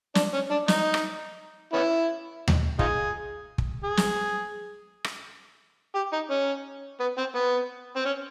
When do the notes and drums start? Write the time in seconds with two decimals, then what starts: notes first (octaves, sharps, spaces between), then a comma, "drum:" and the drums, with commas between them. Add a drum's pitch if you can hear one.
0.15 D4, drum: snare
0.33 C#4
0.50 D4
0.68 D#4, drum: snare
0.94 drum: rim click
1.73 B3 C#4 E4
2.48 drum: tom D#2
2.79 D#4 F4 G#4, drum: kick
3.58 drum: kick
3.84 G#4
3.97 drum: snare
5.04 drum: rim click
5.95 G4
6.13 D#4
6.30 C#4
7.00 B3
7.18 C4
7.35 B3
7.96 C4
8.05 C#4